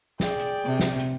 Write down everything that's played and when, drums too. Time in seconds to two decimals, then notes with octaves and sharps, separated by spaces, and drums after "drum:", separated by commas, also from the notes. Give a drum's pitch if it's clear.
0.20 G#4 D5 G5, drum: snare
0.40 drum: hi-hat
0.65 C3
0.79 drum: snare
0.99 drum: hi-hat